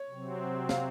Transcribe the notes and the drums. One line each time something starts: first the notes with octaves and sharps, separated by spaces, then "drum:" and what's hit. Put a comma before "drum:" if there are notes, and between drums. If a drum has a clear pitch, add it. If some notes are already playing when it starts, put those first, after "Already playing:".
Already playing: C#5
C3 F#3 C4
F5, drum: snare